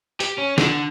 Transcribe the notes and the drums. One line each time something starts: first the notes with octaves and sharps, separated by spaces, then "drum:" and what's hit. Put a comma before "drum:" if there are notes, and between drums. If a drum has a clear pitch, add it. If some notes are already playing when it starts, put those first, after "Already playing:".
G4, drum: hi-hat
C#4
D3, drum: snare